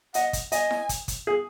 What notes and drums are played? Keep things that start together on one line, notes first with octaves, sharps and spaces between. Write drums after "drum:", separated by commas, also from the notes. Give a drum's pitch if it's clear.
D#5 F#5, drum: hi-hat
drum: kick, hi-hat
D#5 G#5, drum: hi-hat
drum: snare E4
drum: kick, hi-hat
drum: kick, hi-hat
G#4